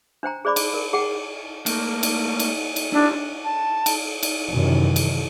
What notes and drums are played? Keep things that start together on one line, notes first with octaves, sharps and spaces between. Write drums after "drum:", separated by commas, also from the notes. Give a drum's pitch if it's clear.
D4 C5 G5 A#5
G#4 C5 D5 B5 D6
drum: cymbal
A#4
G#4 F#5 G5
A3 A#3, drum: cymbal
drum: cymbal
drum: cymbal
drum: cymbal
D4 E4 G4
A5
drum: cymbal
drum: cymbal
F#2 C3 D#3 E3
drum: cymbal